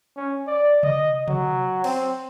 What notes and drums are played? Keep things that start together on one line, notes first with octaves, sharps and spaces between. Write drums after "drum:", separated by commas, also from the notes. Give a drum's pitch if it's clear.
C#4
D5
D#5, drum: tom C3
F#3, drum: tom C3
C4, drum: cymbal